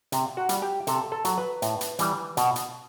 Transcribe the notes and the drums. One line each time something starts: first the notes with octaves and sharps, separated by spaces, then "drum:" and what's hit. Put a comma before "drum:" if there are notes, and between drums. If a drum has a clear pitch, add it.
C3, drum: hi-hat
F#4
G3, drum: hi-hat
G4
C3 A4, drum: hi-hat
A4
F#3, drum: hi-hat
B4
A2, drum: hi-hat
drum: hi-hat
E3 G3, drum: hi-hat
B2, drum: hi-hat
drum: hi-hat